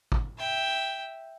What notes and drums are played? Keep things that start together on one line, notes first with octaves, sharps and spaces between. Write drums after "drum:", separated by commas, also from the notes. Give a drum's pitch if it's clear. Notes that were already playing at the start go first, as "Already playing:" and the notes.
drum: kick
E5 G5